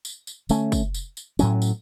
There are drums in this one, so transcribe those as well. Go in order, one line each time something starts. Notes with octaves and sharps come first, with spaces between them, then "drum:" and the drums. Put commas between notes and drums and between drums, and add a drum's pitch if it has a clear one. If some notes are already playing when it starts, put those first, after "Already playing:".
drum: tambourine
drum: tambourine
D3 A3 C#4, drum: tambourine
drum: kick, tambourine
drum: tambourine
drum: tambourine
A2 F#3 C#4, drum: tambourine
drum: tambourine